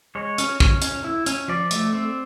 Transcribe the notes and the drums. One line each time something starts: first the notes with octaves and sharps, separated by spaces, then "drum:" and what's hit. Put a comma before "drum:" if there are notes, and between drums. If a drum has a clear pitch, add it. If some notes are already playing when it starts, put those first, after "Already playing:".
G#3 C#5
C#4, drum: hi-hat
C#4, drum: kick
C#4, drum: hi-hat
E4
C#4, drum: hi-hat
F3 D5
A3, drum: hi-hat
C4